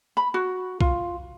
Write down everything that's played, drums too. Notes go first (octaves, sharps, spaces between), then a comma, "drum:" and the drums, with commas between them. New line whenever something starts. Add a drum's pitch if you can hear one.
B5
F#4
F4, drum: kick B1